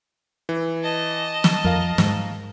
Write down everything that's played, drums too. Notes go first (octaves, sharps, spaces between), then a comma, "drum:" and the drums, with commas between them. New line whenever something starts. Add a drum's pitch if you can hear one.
E3
D#5 A5
drum: snare
F2 A#4 F5
G#2, drum: snare